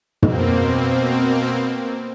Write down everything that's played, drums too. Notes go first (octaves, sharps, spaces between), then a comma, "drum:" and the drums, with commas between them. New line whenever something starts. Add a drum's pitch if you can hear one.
B2 A#3 C4, drum: tom